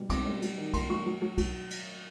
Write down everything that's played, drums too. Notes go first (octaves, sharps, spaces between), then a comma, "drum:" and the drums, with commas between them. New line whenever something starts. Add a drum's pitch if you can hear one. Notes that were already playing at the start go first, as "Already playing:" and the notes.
Already playing: B2 G3
C4 D6, drum: kick B1, cymbal
G3
F#3, drum: cymbal
D#3
A#3 C6, drum: kick B1, cymbal
F#3 C#6
F#3
F#3
F#3, drum: kick B1, cymbal
drum: cymbal